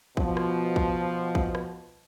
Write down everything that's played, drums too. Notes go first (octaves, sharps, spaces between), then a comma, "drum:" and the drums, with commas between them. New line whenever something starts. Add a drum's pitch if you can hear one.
B2 F3, drum: kick
drum: rim click
drum: kick
drum: kick
drum: rim click